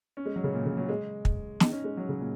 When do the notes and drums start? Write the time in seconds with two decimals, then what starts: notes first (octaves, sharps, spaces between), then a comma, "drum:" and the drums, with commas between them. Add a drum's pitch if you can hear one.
0.17 C#4
0.26 G#3
0.36 F#3
0.44 C#3
0.53 A#2
0.66 C#3
0.77 F#3
0.89 G#3
1.25 drum: kick
1.60 D#4, drum: snare
1.72 C#4
1.84 G#3
1.97 F#3
2.09 C#3
2.20 A#2